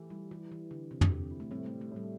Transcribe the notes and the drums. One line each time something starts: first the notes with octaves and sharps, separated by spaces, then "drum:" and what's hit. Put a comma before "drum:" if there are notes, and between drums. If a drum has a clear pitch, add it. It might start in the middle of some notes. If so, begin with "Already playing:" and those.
Already playing: E3 A3 E4 G4
G3 E4
E3 G4
E3 E4
D3 G3
C3 C4
D3, drum: tom
C3 G4
E4
A3
A2 G3 C4
A3
G3
A3
A2 G3